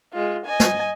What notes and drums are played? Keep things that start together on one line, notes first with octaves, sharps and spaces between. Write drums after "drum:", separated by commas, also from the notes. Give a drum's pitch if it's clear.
G#3 F4
D#5 G#5
drum: snare